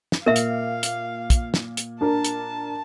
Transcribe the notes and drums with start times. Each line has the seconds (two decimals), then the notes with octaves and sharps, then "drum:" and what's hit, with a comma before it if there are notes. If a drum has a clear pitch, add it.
0.12 drum: snare
0.26 A#2 A#4 E5 F5
0.36 drum: hi-hat
0.83 drum: hi-hat
1.30 drum: kick, hi-hat
1.54 drum: snare
1.77 drum: hi-hat
2.01 D4 A#4 A5
2.24 drum: hi-hat